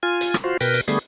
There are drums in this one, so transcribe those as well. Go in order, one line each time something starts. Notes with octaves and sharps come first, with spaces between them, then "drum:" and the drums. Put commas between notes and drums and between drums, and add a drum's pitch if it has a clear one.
F4 G#5
drum: hi-hat
drum: rim click
F4 F#4 C5
B2 A#4 B4 G5, drum: hi-hat
drum: hi-hat
D3 G3 A3 B3 G#4, drum: hi-hat